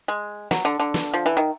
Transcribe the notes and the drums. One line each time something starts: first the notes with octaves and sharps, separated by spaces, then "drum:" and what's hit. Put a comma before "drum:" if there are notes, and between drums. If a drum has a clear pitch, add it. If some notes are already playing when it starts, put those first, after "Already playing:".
G#3
F#3, drum: snare
D3
D3
drum: snare
F3
E3
D#3